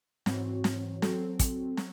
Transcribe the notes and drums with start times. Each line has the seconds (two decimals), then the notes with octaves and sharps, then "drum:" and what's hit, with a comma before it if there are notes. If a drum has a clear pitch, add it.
0.26 G#2 E3 C4 F#4 C#5, drum: snare
0.64 drum: snare
1.02 F#3 C4 F#4 A4, drum: snare
1.39 drum: kick, hi-hat
1.77 F#3, drum: snare